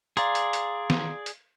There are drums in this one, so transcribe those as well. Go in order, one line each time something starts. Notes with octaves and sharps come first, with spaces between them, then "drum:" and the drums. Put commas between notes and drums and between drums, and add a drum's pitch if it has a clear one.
G#4 D5 F5 A#5 C6, drum: hi-hat
drum: hi-hat
drum: hi-hat
drum: snare
drum: hi-hat